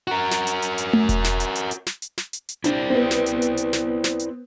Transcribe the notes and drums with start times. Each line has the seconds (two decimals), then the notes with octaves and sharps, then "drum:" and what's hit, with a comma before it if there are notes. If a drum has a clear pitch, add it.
0.07 F#4 A#4
0.31 drum: snare
0.47 drum: hi-hat
0.62 drum: hi-hat
0.78 drum: hi-hat
0.93 drum: tom A3
1.09 drum: kick E1, hi-hat
1.24 drum: snare
1.40 drum: hi-hat
1.55 drum: hi-hat
1.71 drum: hi-hat
1.86 drum: snare
2.02 drum: hi-hat
2.18 drum: snare
2.33 drum: hi-hat
2.49 drum: hi-hat
2.64 D4 E4 C5 D5, drum: hi-hat
2.90 B3 C4
3.11 drum: snare
3.26 drum: hi-hat
3.42 drum: hi-hat
3.57 drum: hi-hat
3.73 drum: snare
4.04 drum: snare
4.19 drum: hi-hat